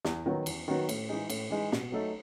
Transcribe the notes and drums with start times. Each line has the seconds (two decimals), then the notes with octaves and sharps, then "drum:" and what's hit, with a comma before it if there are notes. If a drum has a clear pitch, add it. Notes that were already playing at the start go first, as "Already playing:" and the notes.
0.05 E2, drum: snare
0.26 D#3 F#3 B3 F#4
0.46 E2, drum: cymbal
0.68 D#3 F#3 B3 F#4
0.89 A2, drum: cymbal
1.09 E3 G#3 D#4 G#4
1.30 A2, drum: cymbal
1.50 E3 G#3 D#4 G#4
1.72 B2, drum: snare
1.92 F#3 A3 D#4 A4